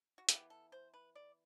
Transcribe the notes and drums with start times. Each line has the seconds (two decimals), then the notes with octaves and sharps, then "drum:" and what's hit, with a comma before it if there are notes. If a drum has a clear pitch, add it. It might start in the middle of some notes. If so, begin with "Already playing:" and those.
0.18 F#4
0.29 E3 B3 G4, drum: hi-hat
0.50 A4
0.72 C5
0.94 B4
1.15 D5